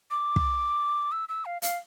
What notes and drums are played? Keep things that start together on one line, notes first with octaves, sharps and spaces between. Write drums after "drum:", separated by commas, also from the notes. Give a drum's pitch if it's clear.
D6
drum: kick
E6
E6
F5
F5, drum: hi-hat